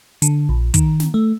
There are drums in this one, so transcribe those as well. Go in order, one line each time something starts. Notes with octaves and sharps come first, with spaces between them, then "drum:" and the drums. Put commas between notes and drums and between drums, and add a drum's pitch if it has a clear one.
D3, drum: hi-hat
A#1
D#3, drum: kick, hi-hat
drum: snare
A3